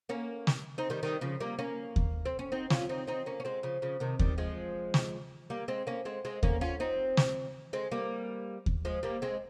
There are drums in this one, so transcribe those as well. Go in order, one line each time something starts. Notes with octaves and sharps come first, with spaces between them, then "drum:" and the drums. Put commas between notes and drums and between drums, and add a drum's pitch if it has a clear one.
A#3 C#4
drum: snare
C4 D#4
D#3 G3
D#3 G3
C#3 F3
G3 A#3
A#3 C#4
drum: kick D#2
C4
C#4
C4 D#4
C#4 F4, drum: snare
C4 D#4
C4 D#4
A#3 C#4
C#4
G#3 C4
C#3 F3
C#3 F3
C3 D#3
D#3 G3, drum: kick D#2
F3 G#3
drum: snare
G3 A#3
G#3 C4
A#3 C#4
G#3 C4
G#3 C4
A#3 C#4, drum: kick D#2
C#4 F4
C4 D#4
drum: snare
G#3 C4
G3 A#3
drum: kick D#2
F3 G#3
G3 A#3
G#3 C4